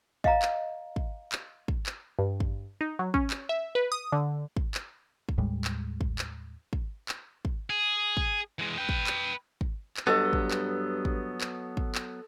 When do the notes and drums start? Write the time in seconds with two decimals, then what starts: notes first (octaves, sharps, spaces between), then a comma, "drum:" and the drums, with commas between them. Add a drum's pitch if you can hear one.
0.24 D#5 F5 A#5, drum: kick
0.42 drum: clap
0.96 drum: kick
1.32 drum: clap
1.68 drum: kick
1.86 drum: clap
2.19 G2
2.40 drum: kick
2.81 D#4
2.99 F#3
3.14 C#4, drum: kick
3.30 drum: clap
3.49 E5
3.75 B4
3.92 D#6
4.12 D3
4.57 drum: kick
4.75 drum: clap
5.29 drum: kick
5.38 D#2 A2 G3 G#3
5.65 drum: clap
6.01 drum: kick
6.19 drum: clap
6.73 drum: kick
7.09 drum: clap
7.45 drum: kick
7.70 G#4
8.17 drum: kick
8.59 E3 G#3
8.78 B4 G5
8.89 drum: kick
9.07 drum: clap
9.61 drum: kick
9.97 drum: clap
10.07 G2 F#3 B3 A4 D#5
10.33 drum: kick
10.51 drum: clap
11.05 drum: kick
11.41 drum: clap
11.77 drum: kick
11.95 drum: clap